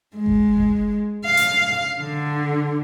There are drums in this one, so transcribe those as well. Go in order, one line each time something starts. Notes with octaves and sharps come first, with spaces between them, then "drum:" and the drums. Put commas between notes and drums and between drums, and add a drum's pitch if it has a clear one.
G#3
drum: kick G1
drum: kick G1
F5
drum: hi-hat
D3